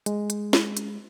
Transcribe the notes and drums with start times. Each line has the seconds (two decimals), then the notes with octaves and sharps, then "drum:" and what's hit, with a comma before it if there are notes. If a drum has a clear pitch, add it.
0.06 G#3, drum: hi-hat
0.30 drum: hi-hat
0.53 drum: snare
0.77 drum: hi-hat